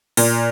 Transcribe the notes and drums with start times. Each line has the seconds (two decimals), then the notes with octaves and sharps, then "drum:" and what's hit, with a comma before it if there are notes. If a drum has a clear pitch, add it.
0.17 A#2, drum: open hi-hat